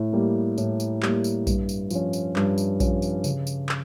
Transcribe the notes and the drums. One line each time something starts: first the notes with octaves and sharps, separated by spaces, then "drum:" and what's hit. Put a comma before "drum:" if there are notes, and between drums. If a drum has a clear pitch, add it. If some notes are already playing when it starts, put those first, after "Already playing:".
Already playing: A2
G3 A#3
A2, drum: tambourine
drum: tambourine
G3 A#3, drum: clap
drum: tambourine
G2, drum: kick A#1, tambourine
drum: tambourine
F3 C#4, drum: tambourine
drum: tambourine
G2, drum: clap
drum: tambourine
F3 C#4, drum: kick A#1, tambourine
drum: tambourine
C#3, drum: tambourine
drum: tambourine
drum: clap